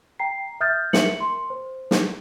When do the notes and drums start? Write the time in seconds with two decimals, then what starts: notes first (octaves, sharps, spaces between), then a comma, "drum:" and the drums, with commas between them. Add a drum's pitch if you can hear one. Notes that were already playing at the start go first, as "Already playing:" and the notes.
0.19 G5 A#5 C7
0.61 E5 D#6 F6 G6 A6
0.93 A#4 E5 C#7 F#7, drum: snare
1.20 C6
1.50 C5
1.91 drum: snare